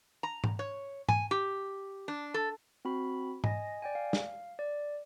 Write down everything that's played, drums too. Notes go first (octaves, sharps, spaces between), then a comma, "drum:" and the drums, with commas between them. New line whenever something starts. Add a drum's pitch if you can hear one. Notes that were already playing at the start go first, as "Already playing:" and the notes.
A#5
drum: tom G#2
C#5
G#5, drum: tom G#2
G4
D4
A4
C4 F#4 B5
D#5 G#5 A#6, drum: tom G#2
D5 G5 G#5
F5
drum: snare
D5